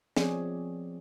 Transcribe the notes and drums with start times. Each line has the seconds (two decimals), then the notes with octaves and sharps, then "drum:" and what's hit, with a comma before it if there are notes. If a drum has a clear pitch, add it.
0.17 F3 B3 C4 G#4 C#5 D5, drum: snare